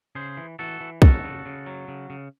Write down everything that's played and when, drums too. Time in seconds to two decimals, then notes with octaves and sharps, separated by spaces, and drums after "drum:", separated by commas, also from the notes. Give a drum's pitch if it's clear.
0.15 C#3 G#4 C5
0.37 E3
0.59 E3 F#4 A4
0.81 E3
1.02 C#3 F#4 A4, drum: kick
1.24 C#3
1.45 C#3
1.66 F#3
1.88 C#3
2.10 C#3